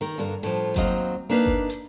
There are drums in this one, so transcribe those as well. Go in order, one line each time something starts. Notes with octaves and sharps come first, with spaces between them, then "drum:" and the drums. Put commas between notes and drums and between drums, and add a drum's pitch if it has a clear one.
D#3 A#4
G2 D3 A#4
A2 F3
D#2 F#3 C4 D#4 D#5 F5, drum: kick G1, hi-hat
A#3 D4 D#4 B4 F5
drum: kick G1
drum: hi-hat